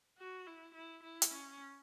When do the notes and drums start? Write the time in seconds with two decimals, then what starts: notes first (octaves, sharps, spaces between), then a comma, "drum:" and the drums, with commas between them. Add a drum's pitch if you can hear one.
0.19 F#4
0.47 E4
0.75 E4
1.03 E4
1.22 drum: hi-hat
1.31 C#4